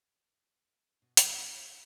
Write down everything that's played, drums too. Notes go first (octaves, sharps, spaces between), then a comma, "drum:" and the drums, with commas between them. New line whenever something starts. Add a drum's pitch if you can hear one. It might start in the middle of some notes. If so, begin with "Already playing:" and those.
B2
A2 D3 G3 A3 C4 D5, drum: hi-hat
F#5